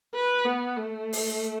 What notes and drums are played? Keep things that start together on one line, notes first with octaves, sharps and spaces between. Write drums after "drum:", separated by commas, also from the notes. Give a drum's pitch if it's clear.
B4
B3
A3
drum: open hi-hat